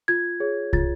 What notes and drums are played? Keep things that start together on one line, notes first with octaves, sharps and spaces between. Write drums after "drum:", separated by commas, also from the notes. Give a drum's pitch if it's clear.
F4 G#6
G#4 C#5
F4 A6, drum: kick